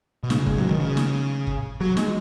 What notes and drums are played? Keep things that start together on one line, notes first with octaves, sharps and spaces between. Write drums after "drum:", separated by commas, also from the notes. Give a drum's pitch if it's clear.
B2
C#3, drum: snare
G#3, drum: kick
F#3
D#3
C#3
drum: snare
drum: kick
F#3
G#3, drum: snare